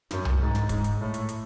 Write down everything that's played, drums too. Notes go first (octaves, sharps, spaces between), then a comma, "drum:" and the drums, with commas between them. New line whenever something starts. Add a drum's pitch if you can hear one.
F#2, drum: snare
drum: tom C2
G#2
drum: snare
G#2, drum: kick, hi-hat
drum: hi-hat
A2
drum: hi-hat
drum: hi-hat